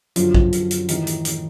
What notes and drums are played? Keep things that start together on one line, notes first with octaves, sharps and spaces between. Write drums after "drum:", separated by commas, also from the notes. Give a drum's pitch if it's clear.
F#2 D3 F3 F#3 F4, drum: hi-hat
drum: kick
drum: hi-hat
drum: hi-hat
A2 D#3 E3 D#4, drum: hi-hat
drum: hi-hat
drum: hi-hat